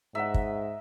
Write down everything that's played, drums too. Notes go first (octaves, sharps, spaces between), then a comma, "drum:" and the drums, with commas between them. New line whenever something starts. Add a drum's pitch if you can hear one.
G#2 A#4 D#5 E5 F#5
drum: kick